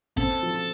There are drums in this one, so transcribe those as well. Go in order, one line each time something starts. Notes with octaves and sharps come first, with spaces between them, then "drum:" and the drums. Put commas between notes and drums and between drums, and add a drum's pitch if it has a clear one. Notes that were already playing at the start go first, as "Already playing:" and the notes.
C4 A4, drum: kick, hi-hat
F3
drum: hi-hat